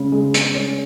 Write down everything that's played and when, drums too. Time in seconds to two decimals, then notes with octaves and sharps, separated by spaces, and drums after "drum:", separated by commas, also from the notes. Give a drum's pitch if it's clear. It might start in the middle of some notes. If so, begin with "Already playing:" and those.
Already playing: C#3 G#3
0.12 G#3
0.34 G#3, drum: hi-hat
0.55 C#4